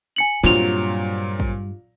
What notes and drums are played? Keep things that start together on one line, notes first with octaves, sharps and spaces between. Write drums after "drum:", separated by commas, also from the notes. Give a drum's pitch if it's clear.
G#5 C#7 F#7
G2 A#2 F#3 G3 C4 F4 F7, drum: snare
drum: kick